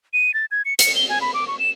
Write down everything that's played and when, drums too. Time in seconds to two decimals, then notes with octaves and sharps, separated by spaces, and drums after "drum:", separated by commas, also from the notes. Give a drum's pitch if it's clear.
0.13 D#7
0.34 A6
0.51 G#6
0.65 C#7
0.79 C#7, drum: hi-hat
0.96 G7
1.09 G#5
1.21 B5
1.34 D6
1.48 C#6
1.59 E7